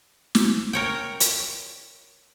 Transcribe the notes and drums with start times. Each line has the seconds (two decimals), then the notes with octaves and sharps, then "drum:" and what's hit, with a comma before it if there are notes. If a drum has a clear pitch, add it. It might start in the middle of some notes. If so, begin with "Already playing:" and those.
0.35 drum: snare
0.73 A#4 C#5 G5
1.20 drum: hi-hat